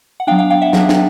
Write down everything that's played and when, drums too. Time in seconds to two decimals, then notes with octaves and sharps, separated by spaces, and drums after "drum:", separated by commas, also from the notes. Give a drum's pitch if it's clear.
0.20 F#5
0.27 F#3 B3 D4 F5 G5
0.39 F5 G5
0.50 F5 G5
0.62 E5 F#5
0.73 F#3 B3 D4, drum: snare
0.89 drum: snare